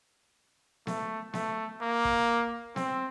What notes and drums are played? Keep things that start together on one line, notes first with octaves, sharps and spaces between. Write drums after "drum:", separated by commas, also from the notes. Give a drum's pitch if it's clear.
A3, drum: snare B3
A3, drum: snare B3
A#3
drum: kick
C4, drum: snare B3